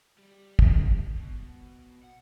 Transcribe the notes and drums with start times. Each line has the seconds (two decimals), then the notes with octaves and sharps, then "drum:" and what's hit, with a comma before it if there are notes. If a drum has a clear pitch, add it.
0.19 G3
0.59 drum: kick
1.18 B2
2.03 F#5